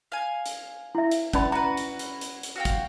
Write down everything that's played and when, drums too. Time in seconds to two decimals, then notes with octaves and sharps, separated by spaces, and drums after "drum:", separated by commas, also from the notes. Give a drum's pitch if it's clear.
0.12 F5 G#5
0.46 drum: hi-hat
0.95 E4 E5
1.12 drum: hi-hat
1.33 C#4 B4 D5 A5 B5, drum: kick, hi-hat
1.52 F#4 B4 A#5
1.77 drum: hi-hat
1.99 drum: hi-hat
2.21 drum: hi-hat
2.43 drum: hi-hat
2.56 F#4 F5 G5
2.65 drum: kick, hi-hat